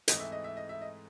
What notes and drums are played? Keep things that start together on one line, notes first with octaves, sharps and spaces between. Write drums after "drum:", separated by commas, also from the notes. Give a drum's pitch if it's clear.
G#2 E3 A3 C4 D#5, drum: hi-hat
E5
D#5
E5
D#5
E5
D#5